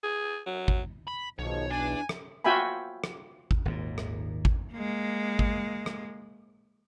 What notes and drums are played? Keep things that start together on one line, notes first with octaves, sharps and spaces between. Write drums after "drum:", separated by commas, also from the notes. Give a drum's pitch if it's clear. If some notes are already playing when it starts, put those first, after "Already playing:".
G#4
F#3
drum: kick G#1
B5
B1 G#2 D#3 F3 C#5
E2 D4 G#5
drum: rim click
F4 F#4 E5 G5 G#5 B5
drum: rim click
drum: kick G#1
G#1 D#2 A#2
drum: rim click
drum: kick G#1
G#3 A#3
drum: kick G#1
drum: rim click